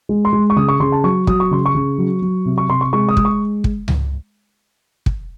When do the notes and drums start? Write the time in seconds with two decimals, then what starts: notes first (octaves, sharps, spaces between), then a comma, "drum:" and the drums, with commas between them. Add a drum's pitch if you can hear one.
0.09 G#3
0.25 C6
0.33 G#3
0.50 C#6
0.56 C#3 D#6
0.69 C#6
0.80 C#3 C6
0.92 A5
1.04 F#3 C#6
1.27 F#3 D#6, drum: kick
1.40 C#6
1.51 C#3 C6
1.66 C#6
1.75 C#3
1.98 F#3
2.22 F#3
2.46 C3
2.58 C#6
2.69 C3 C6
2.81 C#6
2.93 G#3 C#6
3.09 D#6
3.17 G#3, drum: kick
3.25 C#6
3.64 drum: kick
3.88 drum: tom C#2
5.06 drum: kick